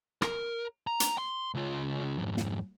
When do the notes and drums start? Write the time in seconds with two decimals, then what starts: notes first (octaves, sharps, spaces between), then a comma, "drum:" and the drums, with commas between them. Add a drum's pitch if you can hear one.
0.22 A#4, drum: rim click
0.87 A#5
1.00 drum: hi-hat
1.18 C6
1.54 C#2 F4
2.18 F2 G#2
2.37 drum: snare